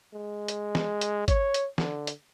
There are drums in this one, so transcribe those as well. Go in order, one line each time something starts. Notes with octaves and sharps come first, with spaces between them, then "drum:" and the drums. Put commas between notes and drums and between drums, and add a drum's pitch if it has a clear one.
G#3
drum: hi-hat
drum: snare
drum: hi-hat
C#5, drum: kick G#1, hi-hat
drum: hi-hat
D3, drum: snare
drum: hi-hat